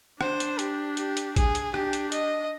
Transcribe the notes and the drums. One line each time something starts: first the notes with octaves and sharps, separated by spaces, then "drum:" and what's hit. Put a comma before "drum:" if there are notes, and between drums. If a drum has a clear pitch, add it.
D4 C5, drum: rim click
drum: hi-hat
G4, drum: hi-hat
G4, drum: hi-hat
drum: hi-hat
G#4, drum: kick A1, hi-hat
drum: hi-hat
D4 G4, drum: rim click
drum: hi-hat
D#5, drum: hi-hat